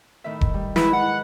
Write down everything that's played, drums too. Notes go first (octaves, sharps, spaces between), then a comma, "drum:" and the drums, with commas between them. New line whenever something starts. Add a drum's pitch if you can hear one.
A2 D#3 E5
drum: kick E1
G3
G#2 E4 B4, drum: snare
F#5